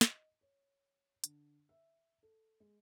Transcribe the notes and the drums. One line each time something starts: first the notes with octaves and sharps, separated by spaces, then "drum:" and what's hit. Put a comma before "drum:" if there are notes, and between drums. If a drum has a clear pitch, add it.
D#5, drum: snare
C#5
D3, drum: hi-hat
E5
A4
G#3